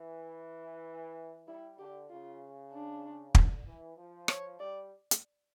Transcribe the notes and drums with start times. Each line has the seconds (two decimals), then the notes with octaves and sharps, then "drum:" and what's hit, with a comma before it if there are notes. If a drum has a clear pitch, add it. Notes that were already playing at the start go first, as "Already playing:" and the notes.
Already playing: E3
1.48 G3 E4
1.79 D3 G4
2.10 C#3 F4
2.72 D4
3.35 D3, drum: kick
3.66 E3
3.97 F3
4.28 C#5, drum: rim click
4.60 G3 D5
5.11 drum: hi-hat